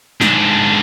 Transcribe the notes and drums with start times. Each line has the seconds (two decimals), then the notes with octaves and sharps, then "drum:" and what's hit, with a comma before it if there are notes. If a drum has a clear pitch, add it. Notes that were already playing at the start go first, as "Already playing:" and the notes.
0.21 G#2 D4, drum: snare